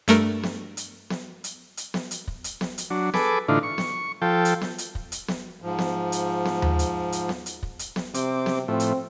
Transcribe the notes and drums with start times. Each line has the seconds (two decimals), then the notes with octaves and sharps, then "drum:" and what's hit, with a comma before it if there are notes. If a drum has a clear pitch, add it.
0.08 G2 A3 A#4, drum: hi-hat
0.44 drum: snare B3
0.77 drum: hi-hat
1.10 drum: snare B3
1.44 drum: hi-hat
1.77 drum: hi-hat
1.94 drum: snare B3
2.11 drum: hi-hat
2.28 drum: kick
2.44 drum: hi-hat
2.61 drum: snare B3
2.78 drum: hi-hat
2.90 F#3 D4
3.14 G#4 A4 B4 D6, drum: snare B3
3.48 A2 D3 E3 D4 D#4 F4
3.63 C#6
3.78 drum: snare B3
4.22 F3 A4 G5
4.45 drum: hi-hat
4.62 drum: snare B3
4.78 drum: hi-hat
4.95 drum: kick
5.12 drum: hi-hat
5.28 drum: snare B3
5.62 G#2 F3
5.79 drum: snare B3
6.12 drum: hi-hat
6.46 drum: snare B3
6.62 drum: tom D#2
6.79 drum: hi-hat
7.12 drum: hi-hat
7.29 drum: snare B3
7.46 drum: hi-hat
7.63 drum: kick
7.79 drum: hi-hat
7.96 drum: snare B3
8.14 C3 C4 D6, drum: hi-hat
8.46 drum: snare B3
8.68 A2 F3 A3 C4
8.80 drum: hi-hat